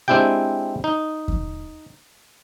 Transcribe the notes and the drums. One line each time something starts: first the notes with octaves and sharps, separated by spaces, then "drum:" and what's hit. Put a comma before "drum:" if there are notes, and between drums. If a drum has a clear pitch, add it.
G#3 C4 D4 E4 G4 G5
D#4
drum: kick E2